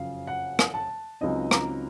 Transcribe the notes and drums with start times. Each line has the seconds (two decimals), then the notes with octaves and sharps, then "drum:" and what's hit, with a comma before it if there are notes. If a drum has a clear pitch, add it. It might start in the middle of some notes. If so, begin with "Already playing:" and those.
Already playing: F#1 F2 C#3 F#3 F5
0.27 F#5
0.59 drum: rim click
0.74 A5
1.21 C#2 C#3 F#3 C4 D#4 D#5
1.51 A#5, drum: rim click